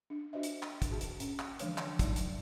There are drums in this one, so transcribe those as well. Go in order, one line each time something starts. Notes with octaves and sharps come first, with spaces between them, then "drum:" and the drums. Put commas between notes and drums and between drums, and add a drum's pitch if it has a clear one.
D4
D4 F4 F#4 C5 D#5 E5
drum: hi-hat
drum: clap
drum: kick, hi-hat
F#4 G#4 A5
drum: hi-hat
C#4, drum: hi-hat
drum: clap
D3 E3 F3 G#3 D4, drum: hi-hat
drum: clap
F#3 A3 D#4 D5 A5, drum: kick, hi-hat
drum: hi-hat